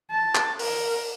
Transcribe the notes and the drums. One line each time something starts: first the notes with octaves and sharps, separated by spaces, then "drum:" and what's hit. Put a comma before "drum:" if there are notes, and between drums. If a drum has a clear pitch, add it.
A5
drum: clap
A#4, drum: open hi-hat